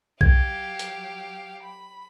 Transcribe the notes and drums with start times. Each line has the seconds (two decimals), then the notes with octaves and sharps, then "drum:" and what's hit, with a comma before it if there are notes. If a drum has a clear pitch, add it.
0.21 F#3 G4 F5 G#6, drum: kick B1
0.79 drum: hi-hat
1.62 B5